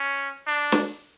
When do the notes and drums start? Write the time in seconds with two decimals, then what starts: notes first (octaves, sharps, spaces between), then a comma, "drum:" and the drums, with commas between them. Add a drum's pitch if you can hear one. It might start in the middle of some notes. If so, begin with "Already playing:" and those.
Already playing: C#4
0.47 D4
0.72 drum: snare